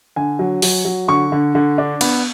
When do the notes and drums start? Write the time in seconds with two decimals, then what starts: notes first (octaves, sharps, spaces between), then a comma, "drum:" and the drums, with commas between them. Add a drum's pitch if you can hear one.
0.16 D3 G#5
0.39 F#3
0.62 F#3, drum: open hi-hat
0.85 F#3
1.08 D3 C#6
1.32 D3
1.55 D3
1.78 D4
2.01 B3, drum: cymbal